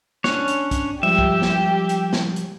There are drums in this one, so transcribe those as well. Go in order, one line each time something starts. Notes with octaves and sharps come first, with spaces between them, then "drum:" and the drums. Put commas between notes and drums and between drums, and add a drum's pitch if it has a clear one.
C#4 D4 C#5 F#6, drum: snare
drum: hi-hat
drum: kick, hi-hat
F3 G3 G#3 G4 E5
drum: kick
drum: snare
drum: hi-hat
drum: snare
drum: hi-hat